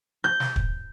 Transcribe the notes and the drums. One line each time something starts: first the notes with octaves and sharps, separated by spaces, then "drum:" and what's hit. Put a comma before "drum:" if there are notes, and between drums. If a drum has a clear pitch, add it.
G6
drum: snare
drum: kick